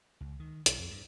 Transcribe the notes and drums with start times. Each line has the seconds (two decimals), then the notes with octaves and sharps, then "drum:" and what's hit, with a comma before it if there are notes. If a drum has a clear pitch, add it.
0.21 C#2
0.40 D#3
0.66 B1, drum: hi-hat
0.78 F2
0.91 G2